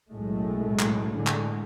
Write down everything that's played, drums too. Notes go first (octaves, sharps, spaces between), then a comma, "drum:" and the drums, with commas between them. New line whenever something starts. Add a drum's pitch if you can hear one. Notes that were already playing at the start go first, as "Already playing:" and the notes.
B1 F#2 A2 G#3 A3
drum: clap
A2 D3 G#3 A3
drum: clap